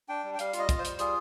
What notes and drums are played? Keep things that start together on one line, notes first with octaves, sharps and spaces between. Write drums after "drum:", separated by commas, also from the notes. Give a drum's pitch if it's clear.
D4 G5
G3
G5
G3 F5, drum: hi-hat
F4, drum: hi-hat
D#5
F4, drum: kick, hi-hat
C5
G3, drum: hi-hat
F4 G#4, drum: hi-hat